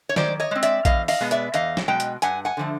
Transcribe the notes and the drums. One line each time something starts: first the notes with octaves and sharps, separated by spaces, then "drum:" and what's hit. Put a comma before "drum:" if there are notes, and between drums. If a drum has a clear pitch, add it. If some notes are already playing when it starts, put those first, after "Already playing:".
C#5
D#3 C5 D5, drum: snare
C#5 D#5
G#3 C4
D5 E5, drum: hi-hat
E2 D#5 F5, drum: kick A#1, hi-hat
D#5 F5, drum: open hi-hat
B2 G#3 B3
D5 E5, drum: hi-hat
E2 D#5 F5, drum: hi-hat
drum: snare
B2 G#3 G5
drum: hi-hat
G2 F#5 G#5, drum: hi-hat
F#5 G#5
D3 F3 A3